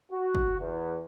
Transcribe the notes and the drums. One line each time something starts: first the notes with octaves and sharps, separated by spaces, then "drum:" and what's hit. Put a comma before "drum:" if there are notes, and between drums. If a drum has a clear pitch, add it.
F#4
drum: kick
E2